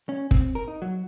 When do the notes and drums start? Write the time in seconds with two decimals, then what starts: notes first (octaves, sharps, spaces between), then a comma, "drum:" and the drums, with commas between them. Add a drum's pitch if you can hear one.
0.09 C#4
0.31 C4, drum: kick
0.55 A#4
0.68 D#4
0.82 F#3